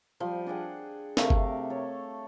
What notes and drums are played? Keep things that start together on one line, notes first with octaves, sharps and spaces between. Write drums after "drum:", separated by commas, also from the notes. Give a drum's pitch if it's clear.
F3 G3 C5
D4 G#4 F#5 G5
C3 A3 A#4 F5, drum: snare
drum: kick G1
A4 C#5